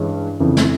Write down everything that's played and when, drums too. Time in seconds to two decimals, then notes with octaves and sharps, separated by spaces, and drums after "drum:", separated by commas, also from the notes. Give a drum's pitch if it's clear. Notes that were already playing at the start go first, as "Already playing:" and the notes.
Already playing: G2 E3 G#3 C#4 E4
0.40 F2 C#3 E3
0.57 drum: snare